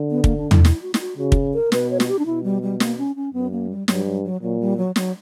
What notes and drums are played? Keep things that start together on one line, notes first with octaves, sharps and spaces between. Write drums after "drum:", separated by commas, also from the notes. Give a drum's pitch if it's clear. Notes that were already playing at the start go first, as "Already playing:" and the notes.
Already playing: D3
B3
A#3, drum: kick
D4
E4, drum: tom
E4, drum: snare
F#4
E4, drum: snare
F#4
C#3 F#4
drum: kick
A#4
B2 B4, drum: snare
C#5
F#4, drum: snare
G4
D4
B2 E4
G3
G3
A#3, drum: snare
C#4
C#4
F#2 B3
A#3
G3
G2 F#3, drum: snare
F#3
F#3
A#2 F#3
G3
F#3
F#3, drum: snare